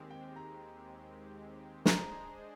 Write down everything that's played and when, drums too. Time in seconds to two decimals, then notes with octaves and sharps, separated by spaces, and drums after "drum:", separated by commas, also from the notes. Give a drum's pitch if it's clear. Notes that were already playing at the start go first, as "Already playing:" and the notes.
Already playing: D#2 D#3 G#3 C4 G4
0.11 G5
0.36 A#5
1.86 G#3 D4 G#4 C5 D#5 A#5, drum: snare